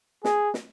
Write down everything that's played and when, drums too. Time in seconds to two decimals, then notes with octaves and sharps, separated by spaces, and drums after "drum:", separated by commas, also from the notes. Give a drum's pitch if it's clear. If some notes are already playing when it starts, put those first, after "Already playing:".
0.24 G#4, drum: snare
0.54 drum: snare